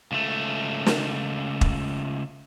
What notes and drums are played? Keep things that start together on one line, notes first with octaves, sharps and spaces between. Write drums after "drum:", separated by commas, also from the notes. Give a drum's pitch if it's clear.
C#2 A3
drum: snare
drum: kick